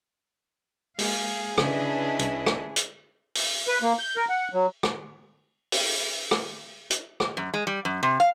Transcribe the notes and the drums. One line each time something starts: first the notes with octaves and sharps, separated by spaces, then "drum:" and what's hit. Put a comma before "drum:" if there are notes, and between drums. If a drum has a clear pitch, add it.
G#3 A#3 G#4 F5, drum: open hi-hat
C#3 C#4 D4 E4 B4 D#5, drum: rim click
C2, drum: hi-hat
drum: rim click
drum: hi-hat
drum: open hi-hat
B4
A#3
G6
A#4
F#5
F#3
drum: rim click
drum: open hi-hat
drum: rim click
drum: hi-hat
drum: rim click
F#2
G#3
G3
F#2
C3
F5